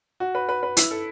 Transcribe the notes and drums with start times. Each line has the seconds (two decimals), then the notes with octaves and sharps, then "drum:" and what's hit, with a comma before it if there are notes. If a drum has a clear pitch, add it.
0.20 F#4
0.35 B4
0.49 B4
0.63 B4
0.77 E4, drum: hi-hat
0.91 A4